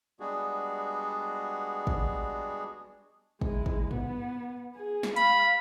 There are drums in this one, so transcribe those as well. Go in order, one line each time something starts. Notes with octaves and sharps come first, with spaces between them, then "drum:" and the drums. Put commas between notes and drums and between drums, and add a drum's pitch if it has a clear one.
G3 G#3 B3 D4 F#4 G#4
drum: kick
G#3 E4, drum: kick
drum: kick
B3, drum: tom G2
G#4
drum: snare
F5 B5, drum: hi-hat